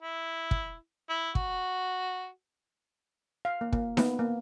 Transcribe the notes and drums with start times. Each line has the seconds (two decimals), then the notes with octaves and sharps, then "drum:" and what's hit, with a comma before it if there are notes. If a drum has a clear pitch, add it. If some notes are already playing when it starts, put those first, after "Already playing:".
0.02 E4
0.51 drum: kick
1.09 E4
1.35 F#4, drum: kick
3.45 F5
3.61 A#3
3.73 A#3, drum: kick
3.97 B3, drum: snare D#4
4.19 A#3